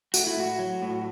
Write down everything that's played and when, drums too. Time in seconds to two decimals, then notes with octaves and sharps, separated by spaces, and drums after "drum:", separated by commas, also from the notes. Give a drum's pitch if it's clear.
0.14 A3 F#4, drum: tambourine
0.27 E4
0.37 A2 F#4
0.59 F#3
0.82 A2